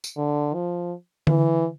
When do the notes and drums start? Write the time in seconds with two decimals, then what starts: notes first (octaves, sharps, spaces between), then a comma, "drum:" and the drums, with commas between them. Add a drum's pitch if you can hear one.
0.04 drum: tambourine
0.17 D3
0.54 F3
1.27 E3, drum: tom D3